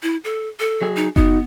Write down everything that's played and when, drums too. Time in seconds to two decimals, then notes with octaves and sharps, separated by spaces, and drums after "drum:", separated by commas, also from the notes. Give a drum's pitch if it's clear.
0.03 E4
0.24 A4
0.60 A4
0.82 F#3 G#4
0.96 D#4
1.16 B3 D#4 F#4, drum: kick F#1